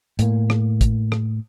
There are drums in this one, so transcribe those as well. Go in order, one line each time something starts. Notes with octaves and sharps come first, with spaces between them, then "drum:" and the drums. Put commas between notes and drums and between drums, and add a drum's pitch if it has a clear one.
A2 A#3, drum: hi-hat
drum: rim click
drum: kick, hi-hat
drum: rim click